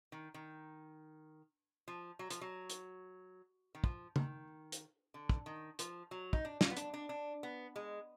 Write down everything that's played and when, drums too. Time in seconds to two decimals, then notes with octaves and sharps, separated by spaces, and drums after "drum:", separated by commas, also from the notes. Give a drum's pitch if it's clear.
0.12 D#3
0.34 D#3
1.88 F3
2.19 F#3
2.30 F3, drum: hi-hat
2.41 F#3
2.70 drum: hi-hat
3.75 D#3
3.84 F3, drum: kick
4.16 D#3, drum: tom
4.72 drum: hi-hat
5.14 D3
5.29 drum: kick
5.46 D#3
5.79 F3, drum: hi-hat
6.11 F#3
6.33 D#4, drum: kick
6.45 D4
6.61 F4, drum: snare
6.70 B3
6.77 D4, drum: hi-hat
6.94 D4
7.09 D4
7.43 B3
7.76 G#3